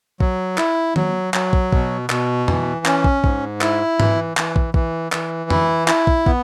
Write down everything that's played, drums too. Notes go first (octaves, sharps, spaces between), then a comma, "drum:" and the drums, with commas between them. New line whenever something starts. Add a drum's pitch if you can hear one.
F#3, drum: kick
E4, drum: clap
F#3, drum: tom
F#3, drum: clap
drum: kick
B2, drum: kick
B2, drum: clap
E3, drum: tom
C#4, drum: clap
drum: kick
G#2, drum: kick
E4, drum: clap
E3, drum: tom G#2
E3, drum: clap
drum: kick
E3, drum: kick
E3, drum: clap
E4, drum: tom
E4, drum: clap
drum: kick
B3, drum: kick